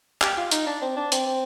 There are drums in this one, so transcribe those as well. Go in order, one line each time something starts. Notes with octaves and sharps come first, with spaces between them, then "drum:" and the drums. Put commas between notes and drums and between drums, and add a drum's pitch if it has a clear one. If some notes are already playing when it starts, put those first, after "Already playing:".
G4, drum: clap
F4
D#4, drum: hi-hat
D4
C4
D4
C4, drum: hi-hat
C4